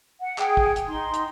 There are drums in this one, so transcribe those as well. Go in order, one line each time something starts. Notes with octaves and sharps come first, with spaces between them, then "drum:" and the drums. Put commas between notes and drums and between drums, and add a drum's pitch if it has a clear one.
F#5
G#4 G5, drum: clap
drum: kick
drum: hi-hat
D#4 C6
drum: hi-hat